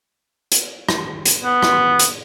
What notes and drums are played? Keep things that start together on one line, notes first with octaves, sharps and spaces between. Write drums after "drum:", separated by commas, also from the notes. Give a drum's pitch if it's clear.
drum: hi-hat
drum: rim click
drum: hi-hat
B3
drum: rim click
drum: hi-hat